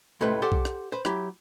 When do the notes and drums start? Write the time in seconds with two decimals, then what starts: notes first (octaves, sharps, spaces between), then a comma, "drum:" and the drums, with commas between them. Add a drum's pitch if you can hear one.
0.21 C#2 A2 C3 A3 B4 C5
0.42 G4 A4 C5 D5 F#5
0.52 drum: kick B1
0.65 drum: rim click
0.92 B4 C5
1.05 F#3 E4 G4, drum: rim click